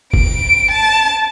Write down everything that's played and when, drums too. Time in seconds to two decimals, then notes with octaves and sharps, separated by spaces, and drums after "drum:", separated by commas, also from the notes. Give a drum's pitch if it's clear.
0.14 D7, drum: kick F#1
0.71 A5